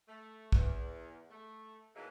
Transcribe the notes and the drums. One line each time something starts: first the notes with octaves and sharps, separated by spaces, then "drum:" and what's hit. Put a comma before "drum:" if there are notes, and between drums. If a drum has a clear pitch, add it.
A3
E2, drum: kick
A3
B2 D#3 E3 F#3 G#3 A#3